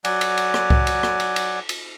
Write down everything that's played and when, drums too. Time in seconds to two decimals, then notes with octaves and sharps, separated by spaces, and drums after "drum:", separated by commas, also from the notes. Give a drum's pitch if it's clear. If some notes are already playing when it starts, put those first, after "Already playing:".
0.05 F#3 D5 F#5 G#5, drum: cymbal
0.21 drum: cymbal
0.38 drum: cymbal
0.54 drum: rim click
0.70 drum: kick C2
0.87 drum: cymbal
1.03 drum: rim click
1.20 drum: cymbal
1.36 drum: cymbal
1.69 drum: cymbal